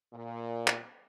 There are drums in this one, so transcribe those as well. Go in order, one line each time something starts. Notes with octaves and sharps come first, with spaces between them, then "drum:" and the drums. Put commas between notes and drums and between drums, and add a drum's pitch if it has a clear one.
A#2
drum: clap